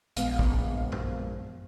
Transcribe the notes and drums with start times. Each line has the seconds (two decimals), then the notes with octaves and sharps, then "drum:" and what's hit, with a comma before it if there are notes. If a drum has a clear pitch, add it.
0.16 A#1 G#3 B3 F5, drum: hi-hat
0.39 drum: kick
0.92 drum: tom F#2